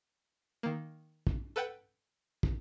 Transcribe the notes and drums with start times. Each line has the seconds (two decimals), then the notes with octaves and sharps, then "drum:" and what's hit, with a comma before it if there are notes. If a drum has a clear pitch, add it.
0.63 D#3 A#3
1.27 drum: kick
1.56 A4 B4 F#5 G5
2.43 drum: kick